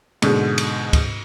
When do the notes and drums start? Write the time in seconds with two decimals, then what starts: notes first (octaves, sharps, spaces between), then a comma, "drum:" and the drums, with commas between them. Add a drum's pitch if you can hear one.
0.22 G#2 B2 D3 G#3, drum: cymbal
0.58 drum: cymbal
0.93 drum: kick, cymbal